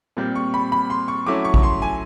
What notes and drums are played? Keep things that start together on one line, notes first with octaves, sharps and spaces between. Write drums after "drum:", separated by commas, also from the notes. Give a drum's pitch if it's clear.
A#2 G3 C4
C#6
B5
B5
C6
C#6
F#3 A3 C#4 E4 D6
C#6
drum: kick A1
C6
G#5